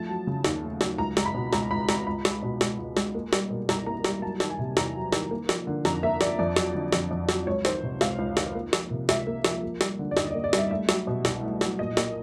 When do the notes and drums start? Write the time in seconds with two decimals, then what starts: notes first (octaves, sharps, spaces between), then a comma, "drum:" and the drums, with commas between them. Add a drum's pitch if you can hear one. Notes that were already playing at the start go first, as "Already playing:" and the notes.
Already playing: F3 A3 A5
0.09 F#3
0.27 C#3
0.44 D#2, drum: snare
0.63 A3
0.81 F#3, drum: snare
0.98 C#2 A#5
1.17 G#3, drum: snare
1.25 B5
1.35 B2
1.53 C#2 A#5, drum: snare
1.71 C#2 B5
1.89 G#3 A#5, drum: snare
2.07 C#2 B5
2.25 G#3, drum: snare
2.43 B2
2.61 C#2, drum: snare
2.78 C#2
2.97 G#3, drum: snare
3.15 A#3
3.33 G3, drum: snare
3.50 B2
3.69 C2 A#5, drum: snare
3.86 A#3 A#5
4.04 G3 A#5, drum: snare
4.22 F#3 A5
4.40 D#3, drum: snare
4.50 G#5
4.59 C3
4.77 E2 A#5, drum: snare
4.95 F#3
5.13 D#3, drum: snare
5.31 A#3
5.49 F3, drum: snare
5.67 D3
5.85 F2 A#5, drum: snare
6.03 A#3 E5
6.21 F3 D5, drum: snare
6.39 F2 D5
6.56 F#3, drum: snare
6.75 D3
6.93 F2, drum: snare
7.11 F2
7.29 F#3, drum: snare
7.47 C#2 C#5
7.65 D#3 C5, drum: snare
7.83 C3
8.01 C#2 F5, drum: snare
8.18 C#2
8.37 D#3, drum: snare
8.55 A#3
8.73 F3, drum: snare
8.91 C3
9.09 C#2 E5, drum: snare
9.27 A#3
9.45 F3, drum: snare
9.63 A#3
9.81 G3, drum: snare
9.99 D3
10.11 D5
10.17 D#2 D#5, drum: snare
10.30 D5
10.35 A#3
10.44 D5
10.53 G3 E5, drum: snare
10.71 A3 E5
10.89 F#3, drum: snare
11.07 B2
11.25 C2, drum: snare
11.43 A3
11.61 F#3, drum: snare
11.79 A#2 D#5
11.97 A#3, drum: snare